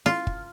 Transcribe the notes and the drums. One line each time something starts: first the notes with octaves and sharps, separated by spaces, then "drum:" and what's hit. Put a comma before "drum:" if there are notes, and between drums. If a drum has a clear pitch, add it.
F4, drum: snare E4
drum: kick